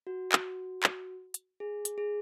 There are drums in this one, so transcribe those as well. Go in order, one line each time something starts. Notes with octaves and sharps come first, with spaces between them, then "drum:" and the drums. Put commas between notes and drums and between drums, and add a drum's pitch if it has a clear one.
F#4
drum: clap
drum: clap
drum: hi-hat
G#4
drum: hi-hat
G#4